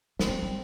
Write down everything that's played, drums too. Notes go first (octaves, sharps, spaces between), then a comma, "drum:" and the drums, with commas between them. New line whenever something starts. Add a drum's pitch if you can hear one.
F3, drum: snare
G3 C4
G3